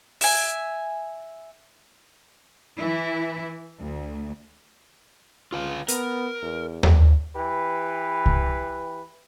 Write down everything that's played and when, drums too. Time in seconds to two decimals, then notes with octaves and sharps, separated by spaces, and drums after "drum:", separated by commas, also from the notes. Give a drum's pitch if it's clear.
0.21 E5 G#5, drum: open hi-hat
2.80 E3 E4
3.80 D2
5.52 C#2 F4 B4 F5
5.88 B3 A#4, drum: hi-hat
6.42 E2
6.83 drum: tom D#2
7.36 E3 G4 B4
8.26 drum: kick C2